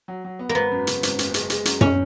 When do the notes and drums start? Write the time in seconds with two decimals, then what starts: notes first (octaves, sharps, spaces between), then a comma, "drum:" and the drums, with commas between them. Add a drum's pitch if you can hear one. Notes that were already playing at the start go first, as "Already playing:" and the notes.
0.08 F#3
0.24 F#3
0.39 B3
0.49 A#3
0.55 G#1 B3
0.71 F#2
0.87 C#3, drum: hi-hat
1.03 G#1, drum: hi-hat
1.19 F#1, drum: hi-hat
1.34 G#3, drum: hi-hat
1.50 G#3, drum: hi-hat
1.65 F#2, drum: hi-hat
1.81 C#4, drum: tom F#2